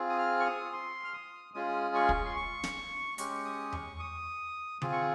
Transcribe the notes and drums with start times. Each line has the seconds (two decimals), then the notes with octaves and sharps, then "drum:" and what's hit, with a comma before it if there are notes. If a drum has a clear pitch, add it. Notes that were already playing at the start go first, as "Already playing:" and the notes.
Already playing: C4 F4 G#4
0.09 D#6
0.18 F6
0.40 C#6
0.45 D#6
0.73 C6
1.04 F6
1.13 D#6
1.54 G#3 C#4 F4 G#4 D#6
1.95 C#6
2.09 drum: kick
2.25 C6
2.36 C#6
2.63 drum: snare
3.18 G#3 C#4 G4 C#6, drum: hi-hat
3.45 D#6
3.72 C#6, drum: tom E2
4.00 D#6
4.82 C4 F4 G#4 D#6, drum: tom D3
4.92 C#6